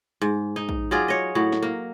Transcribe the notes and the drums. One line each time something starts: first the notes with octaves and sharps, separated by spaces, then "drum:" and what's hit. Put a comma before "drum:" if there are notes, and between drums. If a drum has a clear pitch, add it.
G#2
D#4
drum: kick
F#3 F4 G#4 D5
C#5 D#5
A2 F#3
drum: snare
A#3